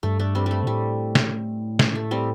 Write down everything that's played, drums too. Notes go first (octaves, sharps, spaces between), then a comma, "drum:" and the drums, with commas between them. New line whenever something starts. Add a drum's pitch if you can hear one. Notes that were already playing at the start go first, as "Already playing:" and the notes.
G2 A3
A3 D4
G3 C4
G3 A3
C3
A2 G3
drum: snare
drum: snare
A3
G3 C4